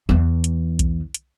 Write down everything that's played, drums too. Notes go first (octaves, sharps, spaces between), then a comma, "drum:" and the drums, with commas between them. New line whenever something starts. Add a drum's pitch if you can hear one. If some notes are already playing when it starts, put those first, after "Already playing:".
E2 E3
drum: hi-hat
drum: kick B1, hi-hat
drum: hi-hat